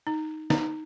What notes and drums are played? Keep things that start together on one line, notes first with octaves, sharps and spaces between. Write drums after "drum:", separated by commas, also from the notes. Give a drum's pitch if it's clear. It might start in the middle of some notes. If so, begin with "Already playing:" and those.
D#4
D#4, drum: snare